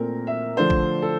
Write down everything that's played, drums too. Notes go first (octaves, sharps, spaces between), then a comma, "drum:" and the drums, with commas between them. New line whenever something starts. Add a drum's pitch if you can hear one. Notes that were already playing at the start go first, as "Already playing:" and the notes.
Already playing: A#2 A3 C4 A#4
E5
D3 F3 A3 D4 C5
drum: kick A1
A4